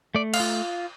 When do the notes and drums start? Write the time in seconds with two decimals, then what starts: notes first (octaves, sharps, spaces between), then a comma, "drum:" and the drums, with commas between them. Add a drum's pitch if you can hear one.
0.15 A3 D5
0.34 F5, drum: cymbal
0.40 F4